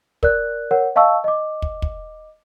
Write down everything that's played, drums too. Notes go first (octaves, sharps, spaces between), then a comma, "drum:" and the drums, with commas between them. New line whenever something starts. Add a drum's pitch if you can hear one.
A#4 D5 F#6, drum: kick
A#4 C#5 F#5
D#5 F5 A5 C#6 E6
D#5 D6
drum: kick
drum: kick